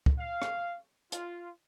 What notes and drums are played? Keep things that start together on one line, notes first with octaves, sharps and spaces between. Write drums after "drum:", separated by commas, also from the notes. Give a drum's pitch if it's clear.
drum: kick
F5
drum: rim click
F4, drum: hi-hat